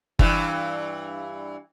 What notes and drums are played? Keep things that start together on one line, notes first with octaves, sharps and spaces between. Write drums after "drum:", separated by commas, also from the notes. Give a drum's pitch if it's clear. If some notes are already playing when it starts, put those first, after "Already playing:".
G2 E3, drum: kick F#1